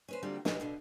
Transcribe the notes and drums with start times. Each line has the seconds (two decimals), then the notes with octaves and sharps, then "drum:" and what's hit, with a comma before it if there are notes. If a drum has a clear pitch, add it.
0.08 C#4 B4 C5
0.22 D3 F3 G3 A#3 C4 F#4
0.45 B2 E3 F#3 B3 G4, drum: snare
0.60 B2 D3 F5